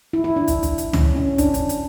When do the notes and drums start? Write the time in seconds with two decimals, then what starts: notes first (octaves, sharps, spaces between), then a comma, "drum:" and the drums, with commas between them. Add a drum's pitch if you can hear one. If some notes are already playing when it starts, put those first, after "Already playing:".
0.13 E4
0.24 E4
0.36 D4
0.48 drum: kick, hi-hat
0.63 drum: kick, hi-hat
0.78 drum: hi-hat
0.93 C#4, drum: tom
1.16 C#4
1.38 D4, drum: kick, hi-hat
1.54 drum: kick, hi-hat
1.69 drum: hi-hat